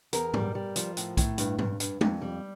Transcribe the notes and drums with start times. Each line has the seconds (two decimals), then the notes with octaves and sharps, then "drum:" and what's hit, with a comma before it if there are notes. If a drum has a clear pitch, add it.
0.13 E2 A#4, drum: hi-hat
0.34 G3, drum: tom G#2
0.55 G3
0.76 F3, drum: hi-hat
0.97 A2, drum: hi-hat
1.17 A2, drum: kick B1, hi-hat
1.38 G2, drum: hi-hat
1.59 G2, drum: tom G#2
1.80 G2, drum: hi-hat
2.01 F2, drum: tom G#3
2.21 G3